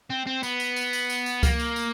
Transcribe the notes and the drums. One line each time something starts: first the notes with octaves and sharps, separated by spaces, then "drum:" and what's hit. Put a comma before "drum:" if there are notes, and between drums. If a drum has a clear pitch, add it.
C4
C4
B3, drum: tambourine
drum: tambourine
drum: tambourine
drum: tambourine
drum: tambourine
drum: tambourine
A#3, drum: kick C#2, tambourine
drum: tambourine
drum: tambourine